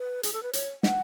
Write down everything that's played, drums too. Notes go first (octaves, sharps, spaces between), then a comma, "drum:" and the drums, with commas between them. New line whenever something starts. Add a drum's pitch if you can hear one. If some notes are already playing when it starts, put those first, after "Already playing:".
Already playing: B4
G#4, drum: hi-hat
A4
B4
C#5, drum: hi-hat
F#5, drum: snare